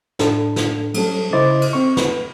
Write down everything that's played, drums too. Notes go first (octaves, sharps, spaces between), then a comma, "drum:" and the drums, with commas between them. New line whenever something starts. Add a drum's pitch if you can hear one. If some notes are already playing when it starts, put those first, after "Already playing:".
A2 D4 A4, drum: snare
drum: snare
F#3 G3 A3 C#4 A4, drum: cymbal
C#3 E4 C5 D#5 D6 A6
drum: cymbal
C4 C#6
B4, drum: snare